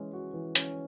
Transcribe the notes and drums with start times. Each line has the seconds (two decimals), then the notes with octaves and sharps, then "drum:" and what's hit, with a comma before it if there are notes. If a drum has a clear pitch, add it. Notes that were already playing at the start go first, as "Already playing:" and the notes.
Already playing: E3 G#3 C#4
0.13 F#4
0.34 E3
0.55 C#4, drum: hi-hat